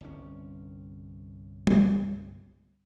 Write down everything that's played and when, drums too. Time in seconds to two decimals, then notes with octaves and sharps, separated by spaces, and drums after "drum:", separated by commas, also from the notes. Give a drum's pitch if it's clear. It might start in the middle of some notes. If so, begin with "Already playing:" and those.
0.01 G1 C2 B2 C#4
1.67 drum: tom